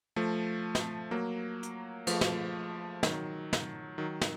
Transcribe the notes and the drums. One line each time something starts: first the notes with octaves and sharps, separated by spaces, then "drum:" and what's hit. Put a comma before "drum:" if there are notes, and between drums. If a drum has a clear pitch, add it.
F3 A3
drum: snare
F#3 A#3
drum: hi-hat
F3 A3, drum: cymbal
drum: snare
D#3 F#3, drum: snare
drum: snare
D#3 F#3
D#3, drum: snare